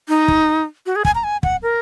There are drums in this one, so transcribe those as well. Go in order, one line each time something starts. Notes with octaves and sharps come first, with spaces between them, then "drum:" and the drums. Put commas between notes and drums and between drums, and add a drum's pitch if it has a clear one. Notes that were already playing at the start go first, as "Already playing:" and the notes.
D#4
drum: kick
F#4
G#4
G#5, drum: kick
A#5
G#5
F#5, drum: kick
A#4